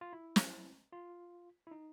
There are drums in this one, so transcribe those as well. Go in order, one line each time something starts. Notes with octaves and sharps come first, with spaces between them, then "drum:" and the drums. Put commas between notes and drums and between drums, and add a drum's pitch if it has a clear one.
F4
E4
drum: snare
F4
E4
D#4